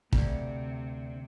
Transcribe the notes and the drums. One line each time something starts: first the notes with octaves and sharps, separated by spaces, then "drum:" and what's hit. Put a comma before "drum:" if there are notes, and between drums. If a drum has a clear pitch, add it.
D2 C3, drum: kick